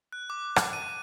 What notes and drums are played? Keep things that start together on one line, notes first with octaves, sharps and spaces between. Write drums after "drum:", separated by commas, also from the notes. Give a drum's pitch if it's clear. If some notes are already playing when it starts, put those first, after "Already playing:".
F#6
D6
drum: rim click
D#7